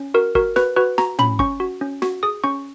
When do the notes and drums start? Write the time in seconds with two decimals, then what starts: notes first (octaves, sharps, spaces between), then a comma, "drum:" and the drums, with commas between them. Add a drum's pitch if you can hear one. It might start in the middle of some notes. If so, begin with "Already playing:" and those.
Already playing: C#4
0.14 F#4 A#4
0.35 F#4 A#4, drum: kick
0.56 F#4 B4, drum: snare
0.77 F#4 B4
0.98 F#4 A#5, drum: snare
1.19 C#4 B5, drum: tom
1.39 C#4 C#6, drum: kick
1.60 F#4
1.81 C#4
2.02 F#4, drum: snare
2.23 G#4 D#6
2.44 C#4 C#6